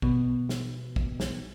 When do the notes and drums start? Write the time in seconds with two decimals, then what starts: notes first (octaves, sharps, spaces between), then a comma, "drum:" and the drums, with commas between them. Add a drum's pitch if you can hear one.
0.02 B2, drum: kick
0.49 drum: snare
0.96 drum: kick
1.20 drum: snare